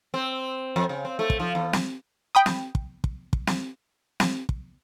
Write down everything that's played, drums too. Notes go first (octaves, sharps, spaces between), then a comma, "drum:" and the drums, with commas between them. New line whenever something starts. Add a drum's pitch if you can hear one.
C4
F2
C#3
C4
A3
drum: kick
F3
E2
drum: snare
G5 B5 D#6
drum: snare
drum: kick
drum: kick
drum: kick
drum: snare
drum: snare
drum: kick